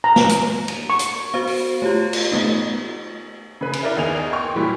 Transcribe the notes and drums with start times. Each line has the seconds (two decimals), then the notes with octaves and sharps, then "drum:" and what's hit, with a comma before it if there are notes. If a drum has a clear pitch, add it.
0.04 A#5
0.16 drum: snare
0.29 drum: hi-hat
0.68 drum: cymbal
0.90 C#6
0.99 drum: hi-hat
1.34 B3 F#4 C5 F5
1.47 drum: open hi-hat
1.82 A3 F4 G4 C#5
2.13 drum: cymbal
2.32 A3 B3 D#4
3.61 C#3 B4
3.73 drum: cymbal
3.83 E4 A#4 D5 E5
3.96 D#2 B3 D#4 G#4 F7
4.33 G5 C6 C#6
4.54 A#2 E3 F#3 G3